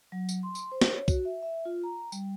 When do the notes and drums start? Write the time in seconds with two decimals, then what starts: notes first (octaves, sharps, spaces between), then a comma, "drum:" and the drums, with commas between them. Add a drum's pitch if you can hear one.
0.12 F#3
0.29 drum: tambourine
0.43 C6
0.55 drum: tambourine
0.72 C5
0.81 drum: snare
0.94 C#5
1.08 F#4, drum: kick, tambourine
1.25 E5
1.43 E5
1.65 F4
1.84 A#5
2.12 G3, drum: tambourine